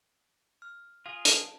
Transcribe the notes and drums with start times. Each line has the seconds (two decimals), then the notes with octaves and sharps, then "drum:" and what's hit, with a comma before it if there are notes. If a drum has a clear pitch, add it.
0.62 F6
1.06 F4 G#4 F5
1.25 A5, drum: hi-hat